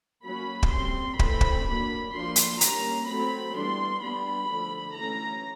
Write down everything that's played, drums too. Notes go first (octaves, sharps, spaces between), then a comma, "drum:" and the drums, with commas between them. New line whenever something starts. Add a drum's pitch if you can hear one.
F#3 A#3 C#4 B5
drum: kick
G3 C4 C6
E3 A3 C4 B5, drum: kick
drum: kick
F#3 A#3 D4
F3 A#3 D4 C6
drum: hi-hat
G3 A#3 C#4 A#5, drum: hi-hat
F#3 A3 C4 B5
E3 G3 B3 D4 C6
G3 B3 D4 B5
D3 F3 A3 D4
E3 A3 C#4 A#5